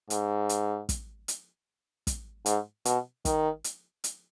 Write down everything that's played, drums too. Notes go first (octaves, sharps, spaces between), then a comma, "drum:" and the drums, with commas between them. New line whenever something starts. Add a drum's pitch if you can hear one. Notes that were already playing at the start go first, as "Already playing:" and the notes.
G#2, drum: hi-hat
drum: hi-hat
drum: kick, hi-hat
drum: hi-hat
drum: kick, hi-hat
G#2, drum: hi-hat
B2, drum: hi-hat
D#3, drum: kick, hi-hat
drum: hi-hat
drum: hi-hat